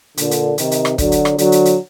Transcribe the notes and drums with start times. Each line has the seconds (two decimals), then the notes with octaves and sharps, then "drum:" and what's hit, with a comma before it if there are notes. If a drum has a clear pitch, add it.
0.17 A#2 D3, drum: hi-hat
0.31 drum: hi-hat
0.58 C3 D#3, drum: hi-hat
0.71 drum: hi-hat
0.85 drum: rim click
0.98 D3 F#3, drum: kick, hi-hat
1.12 drum: hi-hat
1.25 drum: rim click
1.38 D3 F#3, drum: hi-hat
1.52 drum: hi-hat
1.65 drum: hi-hat